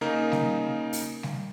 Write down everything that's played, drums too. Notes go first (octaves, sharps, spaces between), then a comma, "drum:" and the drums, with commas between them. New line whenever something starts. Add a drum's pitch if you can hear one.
C#3 A#3 D#4 A#4
drum: snare G3
drum: open hi-hat
drum: snare G3